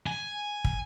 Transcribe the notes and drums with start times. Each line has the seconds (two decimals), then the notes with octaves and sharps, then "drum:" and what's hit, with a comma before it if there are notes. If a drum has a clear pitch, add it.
0.07 G#5
0.65 drum: kick